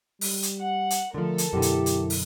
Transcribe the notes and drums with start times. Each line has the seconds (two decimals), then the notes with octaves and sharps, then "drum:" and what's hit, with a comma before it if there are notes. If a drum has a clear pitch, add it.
0.21 G3, drum: open hi-hat
0.43 drum: hi-hat
0.58 F#5
0.90 drum: hi-hat
1.14 D3 F3 A3 A4 A#4
1.38 drum: hi-hat
1.53 F#2 B2 D3 E4 G4
1.62 drum: hi-hat
1.86 drum: hi-hat
2.10 drum: open hi-hat